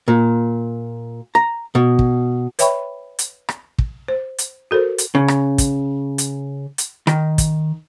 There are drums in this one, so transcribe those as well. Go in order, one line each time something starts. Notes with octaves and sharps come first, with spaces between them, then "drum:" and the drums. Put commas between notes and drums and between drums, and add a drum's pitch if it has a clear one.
A#2
A#5
B2
drum: kick
B4 C#5 E5 G5 B5 C#6, drum: hi-hat
drum: hi-hat
drum: rim click
drum: kick
C5
drum: hi-hat
F#4 A4 A#4 C5
drum: hi-hat
C#3
drum: rim click
drum: kick, hi-hat
drum: hi-hat
drum: hi-hat
D#3, drum: rim click
drum: kick, hi-hat